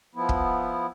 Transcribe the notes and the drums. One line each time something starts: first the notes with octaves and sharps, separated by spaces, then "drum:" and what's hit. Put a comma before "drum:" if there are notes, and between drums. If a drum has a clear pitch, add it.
F3 B3 E4
drum: kick